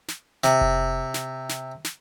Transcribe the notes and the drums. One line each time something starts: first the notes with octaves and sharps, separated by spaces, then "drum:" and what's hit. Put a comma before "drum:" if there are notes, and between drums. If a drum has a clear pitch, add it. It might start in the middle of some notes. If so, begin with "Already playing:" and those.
drum: snare
C3, drum: snare
drum: kick F1
drum: snare
drum: snare
drum: snare